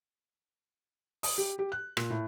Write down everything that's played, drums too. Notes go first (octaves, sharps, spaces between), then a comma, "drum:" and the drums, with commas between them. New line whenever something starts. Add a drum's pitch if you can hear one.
D#6, drum: open hi-hat
G4
G4
F#6
A#2, drum: rim click
A2